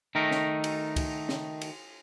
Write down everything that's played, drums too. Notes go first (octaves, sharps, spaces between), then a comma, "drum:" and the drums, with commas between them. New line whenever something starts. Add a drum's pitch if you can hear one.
D#3 A3 D#4 A#4
drum: snare
drum: cymbal
drum: kick, cymbal
drum: snare
drum: cymbal